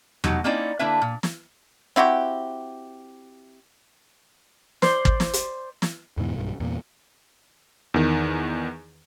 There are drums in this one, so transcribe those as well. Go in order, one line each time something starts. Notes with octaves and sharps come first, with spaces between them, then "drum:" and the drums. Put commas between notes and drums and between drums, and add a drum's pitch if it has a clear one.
B2 F#3 D#4 G4, drum: tom E2
A#3 C4 C#4 D#4 E4 D5
D3 A#3 D4 E4 B4 E5
A#2
drum: snare
C4 E4 F#4 G4
C5 D5, drum: snare
drum: kick
drum: snare
drum: hi-hat
drum: snare
E2 G#2 B2 E3
B1 G2
E2 A#2
E2 D#3